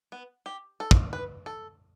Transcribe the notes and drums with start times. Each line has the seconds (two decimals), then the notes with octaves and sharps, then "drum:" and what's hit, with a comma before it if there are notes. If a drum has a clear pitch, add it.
0.12 B3
0.46 G4
0.80 A4
0.91 drum: kick
1.13 B4
1.46 A4